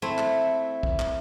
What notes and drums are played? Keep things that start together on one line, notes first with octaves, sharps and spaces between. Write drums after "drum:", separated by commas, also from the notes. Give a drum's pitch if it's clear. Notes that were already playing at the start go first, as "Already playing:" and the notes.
A3 C4 E4
drum: clap
drum: kick
drum: clap